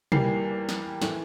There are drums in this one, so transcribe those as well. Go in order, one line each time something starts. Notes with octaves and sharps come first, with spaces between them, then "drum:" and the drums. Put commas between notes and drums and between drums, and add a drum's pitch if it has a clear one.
E2 E3 G3 A#3 C7, drum: tom
drum: snare
E3 A3, drum: snare